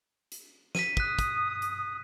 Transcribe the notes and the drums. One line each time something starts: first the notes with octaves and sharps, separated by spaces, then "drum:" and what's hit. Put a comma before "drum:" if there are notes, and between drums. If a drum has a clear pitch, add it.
drum: hi-hat
B6 D#7, drum: snare
D#6 F#6 B6, drum: kick
drum: kick, hi-hat
drum: hi-hat